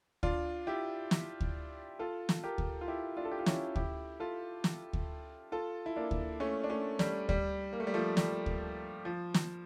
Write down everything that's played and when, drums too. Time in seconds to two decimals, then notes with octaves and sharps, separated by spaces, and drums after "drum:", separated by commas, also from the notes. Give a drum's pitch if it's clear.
0.23 D4 F4, drum: kick D2
0.67 E4 G4
1.11 drum: snare
1.41 drum: kick D2
1.99 F4 A4
2.29 drum: snare
2.44 G4 A#4
2.58 drum: kick D2
2.81 F4
2.88 E4 G4
3.17 D4 F4
3.25 A4
3.31 G4
3.39 F4
3.46 C#4 E4, drum: snare
3.76 E4 G4, drum: kick D2
4.20 F4 A4
4.64 drum: snare
4.93 drum: kick D2
5.52 F4 A4
5.86 E4
5.96 A#3 D4
6.11 drum: kick D2
6.40 A3 C#4
6.64 D4
6.70 A3 C#4
6.99 G3, drum: snare
7.29 G3, drum: kick D2
7.73 A#3
7.80 A3
7.87 G3
7.94 F3 A3
8.17 G3, drum: snare
8.46 drum: kick D2
9.05 F3
9.34 drum: snare